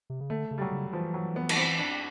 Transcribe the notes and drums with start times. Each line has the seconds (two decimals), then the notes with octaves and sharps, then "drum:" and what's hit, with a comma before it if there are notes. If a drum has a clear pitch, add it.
0.10 C3
0.20 C#3
0.30 D3 A3
0.51 C#3
0.58 G3
0.61 F#3
0.72 C#3
0.93 E3 F3
1.14 F#3
1.36 B3
1.49 B3, drum: cymbal
1.57 C4
1.78 D4